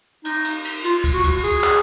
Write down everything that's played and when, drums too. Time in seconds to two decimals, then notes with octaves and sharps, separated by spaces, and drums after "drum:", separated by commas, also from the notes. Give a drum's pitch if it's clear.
0.25 D#4, drum: cymbal
0.45 drum: cymbal
0.64 drum: cymbal
0.84 F4, drum: cymbal
1.04 drum: kick, cymbal
1.14 F#4
1.24 drum: kick, cymbal
1.44 G#4, drum: cymbal
1.64 drum: clap